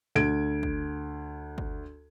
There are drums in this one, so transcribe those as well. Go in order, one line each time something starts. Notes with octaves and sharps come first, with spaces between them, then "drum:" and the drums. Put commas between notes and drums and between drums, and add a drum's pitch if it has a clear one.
D2 G#6 D7
drum: kick
drum: kick